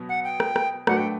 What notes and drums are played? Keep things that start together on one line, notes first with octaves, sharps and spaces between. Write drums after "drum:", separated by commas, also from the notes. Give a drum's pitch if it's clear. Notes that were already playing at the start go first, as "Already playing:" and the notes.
Already playing: B2 F#3 B3
F#5
G5
drum: rim click
drum: rim click
F#3 A3 D4 F#4 B4 F#5, drum: rim click
G5